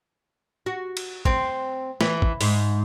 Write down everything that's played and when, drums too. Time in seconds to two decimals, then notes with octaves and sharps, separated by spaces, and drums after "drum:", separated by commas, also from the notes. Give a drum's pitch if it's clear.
0.66 F#4
0.97 drum: cymbal
1.25 C4, drum: kick
2.01 E3, drum: snare
2.22 drum: kick
2.41 G#2, drum: open hi-hat